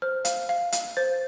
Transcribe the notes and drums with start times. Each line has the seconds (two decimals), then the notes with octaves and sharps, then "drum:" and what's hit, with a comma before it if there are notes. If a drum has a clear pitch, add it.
0.02 C5 F6
0.25 F5, drum: hi-hat
0.49 F5
0.72 F5, drum: hi-hat
0.97 C5 A6